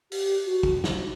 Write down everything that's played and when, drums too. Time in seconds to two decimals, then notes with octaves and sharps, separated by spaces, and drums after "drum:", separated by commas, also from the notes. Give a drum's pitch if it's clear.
0.12 G4, drum: open hi-hat
0.45 F#4
0.63 drum: kick
0.84 drum: snare